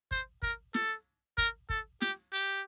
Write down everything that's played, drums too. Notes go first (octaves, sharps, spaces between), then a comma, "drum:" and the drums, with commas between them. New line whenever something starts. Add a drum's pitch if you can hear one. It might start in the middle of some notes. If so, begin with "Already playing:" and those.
C5, drum: kick
A#4, drum: kick
A4, drum: snare
A#4, drum: kick
A4, drum: kick
G4, drum: snare
G4